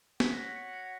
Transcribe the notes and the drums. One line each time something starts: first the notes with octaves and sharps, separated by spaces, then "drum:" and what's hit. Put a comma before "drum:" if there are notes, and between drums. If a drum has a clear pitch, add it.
F#4 C#5 F#5 B6, drum: snare
A#6
B6
C#7
C#7